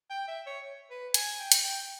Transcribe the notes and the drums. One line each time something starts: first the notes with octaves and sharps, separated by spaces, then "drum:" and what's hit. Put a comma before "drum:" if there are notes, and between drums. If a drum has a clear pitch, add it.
G5
E5
C#5
B4
G#5, drum: hi-hat
G5
drum: hi-hat
G5